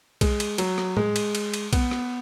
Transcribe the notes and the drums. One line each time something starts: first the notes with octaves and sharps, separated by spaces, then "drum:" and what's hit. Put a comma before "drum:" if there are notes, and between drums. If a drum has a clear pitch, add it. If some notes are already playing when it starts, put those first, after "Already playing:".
G#3, drum: kick B1, cymbal
drum: cymbal
F#3, drum: cymbal
drum: rim click
G#3, drum: tom A2
drum: cymbal
drum: cymbal
drum: cymbal
B3, drum: kick B1, cymbal
drum: rim click